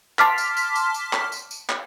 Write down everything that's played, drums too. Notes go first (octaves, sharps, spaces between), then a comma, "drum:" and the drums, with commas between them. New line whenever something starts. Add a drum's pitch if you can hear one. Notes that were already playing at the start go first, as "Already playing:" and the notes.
A5 C6 D6 F6 B6, drum: clap
drum: tambourine
drum: tambourine
drum: tambourine
drum: tambourine
drum: clap
drum: tambourine
drum: tambourine
drum: clap